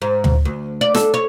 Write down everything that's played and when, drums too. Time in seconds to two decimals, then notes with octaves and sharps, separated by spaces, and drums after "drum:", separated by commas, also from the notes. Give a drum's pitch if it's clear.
0.02 G#2
0.24 drum: tom D2
0.45 D2
0.81 D5
0.95 A4, drum: snare
1.14 C#5